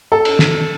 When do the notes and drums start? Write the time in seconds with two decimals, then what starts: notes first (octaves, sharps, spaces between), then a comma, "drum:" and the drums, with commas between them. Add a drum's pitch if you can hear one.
0.12 A4
0.25 drum: cymbal
0.39 drum: snare